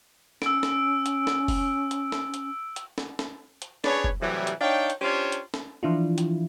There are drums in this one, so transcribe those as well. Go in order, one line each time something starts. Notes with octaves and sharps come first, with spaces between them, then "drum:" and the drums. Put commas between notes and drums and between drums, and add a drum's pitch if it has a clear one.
C#4 E6 D7, drum: snare
drum: snare
drum: hi-hat
drum: snare
drum: kick, open hi-hat
drum: hi-hat
drum: snare
drum: hi-hat
drum: hi-hat
drum: snare
drum: snare
drum: hi-hat
D4 G#4 B4 C#5, drum: snare
drum: kick
A2 C3 E3 F#3 G3
drum: hi-hat
D4 D#4 C#5 F5 G5
drum: hi-hat
C#4 D4 F4 G4 C5 C#5
drum: hi-hat
drum: snare
E3 F3 D4 E4 F4
drum: hi-hat